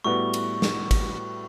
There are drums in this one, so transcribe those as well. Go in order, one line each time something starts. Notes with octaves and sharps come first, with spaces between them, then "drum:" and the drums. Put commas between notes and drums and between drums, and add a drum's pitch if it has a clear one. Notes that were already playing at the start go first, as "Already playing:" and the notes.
A2 G3 B3 F#4 C#6
drum: cymbal
drum: snare
drum: kick, cymbal